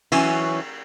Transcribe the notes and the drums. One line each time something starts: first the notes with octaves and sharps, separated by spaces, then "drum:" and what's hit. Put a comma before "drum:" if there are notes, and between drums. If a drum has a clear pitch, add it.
E3 F#3 C#4, drum: cymbal